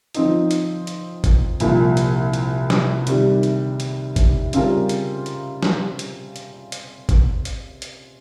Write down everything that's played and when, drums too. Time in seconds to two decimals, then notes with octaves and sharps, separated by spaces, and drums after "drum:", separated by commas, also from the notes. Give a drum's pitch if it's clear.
0.14 F3 C4 D#4, drum: hi-hat
0.51 drum: hi-hat
0.87 drum: hi-hat
1.24 drum: kick G#1, hi-hat
1.60 C2 A#2 F3, drum: hi-hat
1.97 drum: hi-hat
2.33 drum: hi-hat
2.70 drum: snare
3.07 C3 D#3 G3, drum: hi-hat
3.43 drum: hi-hat
3.80 drum: hi-hat
4.16 drum: kick G#1, hi-hat
4.53 C#3 G3 C4 F4 A#4, drum: hi-hat
4.89 drum: hi-hat
5.26 drum: hi-hat
5.63 drum: snare
5.99 drum: hi-hat
6.36 drum: hi-hat
6.72 drum: hi-hat
7.09 drum: kick G#1, hi-hat
7.45 drum: hi-hat
7.82 drum: hi-hat